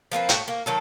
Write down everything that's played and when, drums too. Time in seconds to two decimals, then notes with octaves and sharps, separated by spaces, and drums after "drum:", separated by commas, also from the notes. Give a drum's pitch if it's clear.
0.12 F3 A#3 C4 B4
0.29 A2 F#4 G5, drum: hi-hat
0.48 A#3
0.66 D#3 F#3 A4